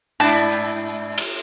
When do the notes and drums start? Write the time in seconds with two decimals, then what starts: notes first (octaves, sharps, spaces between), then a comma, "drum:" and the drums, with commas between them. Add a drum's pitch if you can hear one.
0.20 G#2 D4 E4 A5
1.18 drum: cymbal